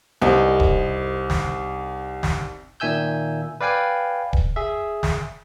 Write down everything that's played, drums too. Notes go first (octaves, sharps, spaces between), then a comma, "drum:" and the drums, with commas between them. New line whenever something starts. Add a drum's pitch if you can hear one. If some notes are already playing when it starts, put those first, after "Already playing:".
C2 C4 D#4
drum: kick D#1
drum: snare
drum: snare
A#2 D#3 E5 G#5 E6 G6
B4 D5 F5 G5 G#5
drum: kick D#1
G#4 E5
drum: snare